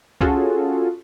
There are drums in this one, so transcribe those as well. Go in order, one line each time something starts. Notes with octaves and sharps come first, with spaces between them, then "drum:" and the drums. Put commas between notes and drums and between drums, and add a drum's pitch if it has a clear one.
C#4 F4 F#4 G#4 A4, drum: kick C2